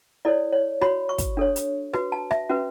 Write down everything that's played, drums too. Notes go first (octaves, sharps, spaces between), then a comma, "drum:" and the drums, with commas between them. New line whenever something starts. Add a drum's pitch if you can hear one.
E4 A4 C#5 D5
C#5
F#4 C#5 B5, drum: rim click
C#6
drum: kick, hi-hat
D4 A4 C#5
drum: hi-hat
F#4 B4, drum: rim click
A5
E5, drum: rim click
C#4 F#4 B4